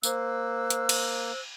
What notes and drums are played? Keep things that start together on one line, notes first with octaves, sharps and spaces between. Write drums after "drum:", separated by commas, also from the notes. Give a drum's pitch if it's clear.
A#3 C5 E6 F#6, drum: tambourine
drum: hi-hat
drum: cymbal